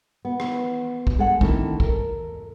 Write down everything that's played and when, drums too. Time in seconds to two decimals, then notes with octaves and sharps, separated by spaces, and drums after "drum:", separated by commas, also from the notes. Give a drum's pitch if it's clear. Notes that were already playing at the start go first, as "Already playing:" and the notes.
0.25 B3
0.40 drum: rim click
1.07 drum: kick
1.18 G#3 A4 F#5
1.41 D3 D#3 A3 C4 E4 A4, drum: kick
1.80 A4 A#4, drum: kick